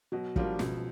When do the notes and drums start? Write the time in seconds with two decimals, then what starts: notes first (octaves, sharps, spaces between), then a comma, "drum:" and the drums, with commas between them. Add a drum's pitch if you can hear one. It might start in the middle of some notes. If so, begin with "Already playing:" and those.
0.12 B2 F#3
0.36 F3 G3 A#3 D4 F4, drum: kick
0.59 C#2 B2, drum: snare